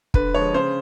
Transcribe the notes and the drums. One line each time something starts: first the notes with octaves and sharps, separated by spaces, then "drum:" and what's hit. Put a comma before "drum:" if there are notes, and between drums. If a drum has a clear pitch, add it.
D3 B4, drum: kick
F3 G#3 C#5
C#3 C5